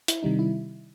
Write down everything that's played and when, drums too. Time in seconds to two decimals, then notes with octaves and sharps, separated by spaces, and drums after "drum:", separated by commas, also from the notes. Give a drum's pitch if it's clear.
0.08 E4, drum: hi-hat
0.23 C3 D#3 G3 D#4
0.39 E4